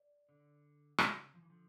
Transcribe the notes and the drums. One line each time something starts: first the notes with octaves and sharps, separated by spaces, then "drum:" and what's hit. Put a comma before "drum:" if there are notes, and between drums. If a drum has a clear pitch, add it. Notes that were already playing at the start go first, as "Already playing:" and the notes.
Already playing: D5
D3
C#3, drum: rim click
F3
E3
D3 F3